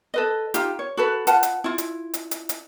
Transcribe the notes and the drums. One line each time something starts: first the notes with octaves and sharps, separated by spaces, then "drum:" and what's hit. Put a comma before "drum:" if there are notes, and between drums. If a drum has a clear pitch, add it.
A4 B4 D#5
D#4 F4 G4, drum: hi-hat
C#5
F#4 A4 B4
F4 B4 F#5 A5, drum: hi-hat
drum: hi-hat
E4 F4
drum: hi-hat
drum: hi-hat
drum: hi-hat
drum: hi-hat